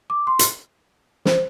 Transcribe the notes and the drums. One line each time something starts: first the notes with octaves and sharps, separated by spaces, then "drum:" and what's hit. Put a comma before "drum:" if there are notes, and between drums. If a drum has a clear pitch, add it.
D6
C6
drum: hi-hat
C5, drum: snare